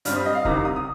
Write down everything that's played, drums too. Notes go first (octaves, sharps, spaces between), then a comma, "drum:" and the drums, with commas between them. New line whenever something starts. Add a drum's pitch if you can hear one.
G2 G3 C4 F6, drum: hi-hat
D#6
D#5
F5
C2 C3 D#3 A#5, drum: kick
D#6
D#6